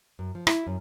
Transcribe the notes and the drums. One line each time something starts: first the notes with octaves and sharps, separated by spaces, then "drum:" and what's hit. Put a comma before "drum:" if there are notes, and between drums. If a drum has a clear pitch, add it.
F#2
F3
E4, drum: rim click
F#2